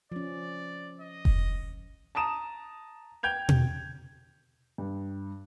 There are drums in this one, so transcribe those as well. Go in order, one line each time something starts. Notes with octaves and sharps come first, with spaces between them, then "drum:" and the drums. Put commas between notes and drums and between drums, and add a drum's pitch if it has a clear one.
F3 C#4 D5
D#5
drum: kick F1
A5 A#5 D#6 E7
G5 G6 G#6 F7
drum: tom B2
G2